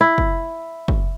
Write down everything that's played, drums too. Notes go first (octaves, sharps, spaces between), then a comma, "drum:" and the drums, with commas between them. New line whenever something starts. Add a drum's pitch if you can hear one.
E4
drum: kick
drum: kick